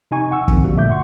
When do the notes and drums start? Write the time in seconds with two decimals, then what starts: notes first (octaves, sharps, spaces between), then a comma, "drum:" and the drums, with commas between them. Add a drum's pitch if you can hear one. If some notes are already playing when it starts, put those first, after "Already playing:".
0.11 C3 D#4 G#5 C#6
0.31 F#5 C#6 E6
0.48 G2 B2 D3 D#3 C4, drum: kick
0.64 G2 F3 G3 A#3 F#4
0.76 A#2 D3 A3 E5 D6 G6
0.90 F#5 C6 C#6